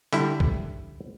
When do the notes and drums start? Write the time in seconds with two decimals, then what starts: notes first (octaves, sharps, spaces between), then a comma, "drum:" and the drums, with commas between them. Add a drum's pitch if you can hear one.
0.13 D3 G3 E4, drum: hi-hat
0.40 drum: kick B1